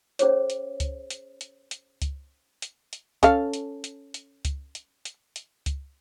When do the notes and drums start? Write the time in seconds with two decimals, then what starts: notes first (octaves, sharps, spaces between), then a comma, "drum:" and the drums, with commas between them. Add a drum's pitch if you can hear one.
0.19 C#4 G#4 C5 C#5, drum: hi-hat
0.50 drum: hi-hat
0.80 drum: kick C#2, hi-hat
1.10 drum: hi-hat
1.41 drum: hi-hat
1.71 drum: hi-hat
2.02 drum: kick C#2, hi-hat
2.62 drum: hi-hat
2.93 drum: hi-hat
3.23 C#4 A4 F5, drum: kick C#2, hi-hat
3.54 drum: hi-hat
3.84 drum: hi-hat
4.14 drum: hi-hat
4.45 drum: kick C#2, hi-hat
4.75 drum: hi-hat
5.05 drum: hi-hat
5.36 drum: hi-hat
5.66 drum: kick C#2, hi-hat